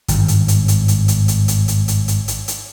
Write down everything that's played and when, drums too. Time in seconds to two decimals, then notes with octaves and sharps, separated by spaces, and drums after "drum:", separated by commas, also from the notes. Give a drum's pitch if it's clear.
0.08 G#1 G2, drum: hi-hat
0.28 drum: hi-hat
0.48 drum: hi-hat
0.68 drum: hi-hat
0.88 drum: hi-hat
1.08 drum: hi-hat
1.28 drum: hi-hat
1.48 drum: hi-hat
1.68 drum: hi-hat
1.88 drum: hi-hat
2.08 drum: hi-hat
2.28 drum: hi-hat
2.48 drum: hi-hat